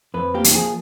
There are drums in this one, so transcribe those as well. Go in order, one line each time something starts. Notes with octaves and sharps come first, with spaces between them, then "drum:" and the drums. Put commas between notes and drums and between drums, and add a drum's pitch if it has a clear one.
F2 B4
A#3 G4
drum: hi-hat
F3 G#4